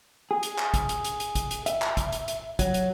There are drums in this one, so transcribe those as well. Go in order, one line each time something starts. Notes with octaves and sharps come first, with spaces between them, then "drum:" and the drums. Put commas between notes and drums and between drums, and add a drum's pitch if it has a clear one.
G#4
drum: hi-hat
drum: clap
drum: kick, hi-hat
drum: hi-hat
drum: hi-hat
drum: hi-hat
drum: kick, hi-hat
drum: hi-hat
E5, drum: hi-hat
drum: clap
drum: kick, hi-hat
drum: hi-hat
drum: hi-hat
F#3, drum: kick, hi-hat
drum: hi-hat